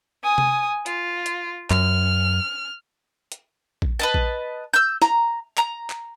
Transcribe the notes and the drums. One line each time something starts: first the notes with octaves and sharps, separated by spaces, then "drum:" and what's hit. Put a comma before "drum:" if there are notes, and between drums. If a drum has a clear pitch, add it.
G#5 D#6
drum: tom C3
F4, drum: hi-hat
drum: hi-hat
F#2 F6, drum: clap
drum: hi-hat
drum: kick A#1
B4 D#5 A5
drum: kick A#1
E6 G6
A#5, drum: snare
A#5, drum: clap
drum: clap